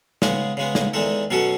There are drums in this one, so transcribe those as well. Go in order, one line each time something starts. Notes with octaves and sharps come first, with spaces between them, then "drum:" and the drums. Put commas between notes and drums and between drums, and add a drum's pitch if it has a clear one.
C#3 G#3 B3, drum: snare
C#3 G#3 B3
drum: snare
E2 D#3 G#3 D#4 A4
B2 F#3 C#4 F#4 A4